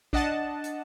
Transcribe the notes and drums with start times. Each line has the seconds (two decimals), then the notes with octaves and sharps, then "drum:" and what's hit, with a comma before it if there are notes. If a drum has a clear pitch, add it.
0.13 D4 D#5 F#5 A5, drum: kick A#1
0.64 drum: hi-hat